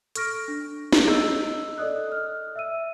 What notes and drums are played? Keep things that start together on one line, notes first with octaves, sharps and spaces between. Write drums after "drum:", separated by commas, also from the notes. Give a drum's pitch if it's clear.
A4 C#6 F6 A#6 D7, drum: hi-hat
D4
drum: snare
D#5 E6, drum: rim click
A4 D5 D#5 D#6 F#6
F6
E5 E6 D#7